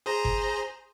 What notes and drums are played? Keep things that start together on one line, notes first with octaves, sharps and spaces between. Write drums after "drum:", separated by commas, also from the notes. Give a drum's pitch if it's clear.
G#4 C5 A#5
drum: kick G1